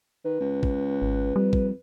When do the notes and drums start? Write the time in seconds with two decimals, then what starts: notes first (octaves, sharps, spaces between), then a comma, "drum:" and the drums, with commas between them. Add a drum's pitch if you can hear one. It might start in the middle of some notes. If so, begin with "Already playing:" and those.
0.25 D#3 B4
0.40 C#2
0.63 drum: kick
1.02 G#1
1.36 F2 G3
1.53 drum: kick